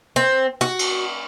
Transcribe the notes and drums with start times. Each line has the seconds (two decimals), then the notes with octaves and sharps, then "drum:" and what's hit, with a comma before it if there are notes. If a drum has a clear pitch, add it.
0.16 C4
0.61 F#4
0.79 drum: cymbal